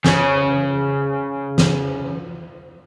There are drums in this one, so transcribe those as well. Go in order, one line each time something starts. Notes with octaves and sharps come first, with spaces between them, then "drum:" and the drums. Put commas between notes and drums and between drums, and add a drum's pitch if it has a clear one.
C#3 C#5, drum: snare
drum: snare